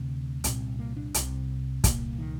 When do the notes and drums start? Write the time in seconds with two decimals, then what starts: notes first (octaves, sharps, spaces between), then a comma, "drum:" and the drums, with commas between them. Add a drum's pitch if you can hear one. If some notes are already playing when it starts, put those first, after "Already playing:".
Already playing: D2 C3
0.44 C2 A#2 C4, drum: hi-hat
0.79 A#3
0.96 D4
1.14 C2 C3, drum: hi-hat
1.84 C2 A#2 A#3, drum: kick, hi-hat
2.19 D#3